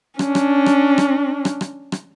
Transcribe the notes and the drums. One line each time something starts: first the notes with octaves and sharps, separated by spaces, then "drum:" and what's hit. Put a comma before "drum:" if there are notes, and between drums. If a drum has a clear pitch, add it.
C#4 D4, drum: rim click
drum: rim click
drum: rim click
drum: rim click
drum: rim click
drum: rim click
drum: rim click